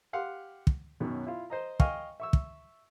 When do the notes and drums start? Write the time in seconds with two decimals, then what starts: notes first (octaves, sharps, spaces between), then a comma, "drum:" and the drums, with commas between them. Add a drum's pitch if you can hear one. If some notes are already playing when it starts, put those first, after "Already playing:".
0.13 G4 F5 F#5 C6
0.67 drum: kick
1.00 F#2 B2 D#3 F#3
1.26 E4 F4
1.50 C5 D#5 A#5
1.80 D#5 F5 G5 G#5 C#6 F6, drum: kick
2.20 E5 C#6 E6
2.33 drum: kick